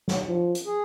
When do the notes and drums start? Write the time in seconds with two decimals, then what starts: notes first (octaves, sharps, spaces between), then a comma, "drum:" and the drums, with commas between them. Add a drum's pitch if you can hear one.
0.08 drum: snare
0.28 F3
0.55 drum: hi-hat
0.66 G#4